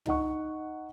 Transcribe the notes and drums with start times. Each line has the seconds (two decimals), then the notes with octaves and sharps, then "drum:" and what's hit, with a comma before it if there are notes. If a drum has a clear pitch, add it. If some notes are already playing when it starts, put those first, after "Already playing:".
0.06 D#4 D#5 F#5 C#6, drum: tom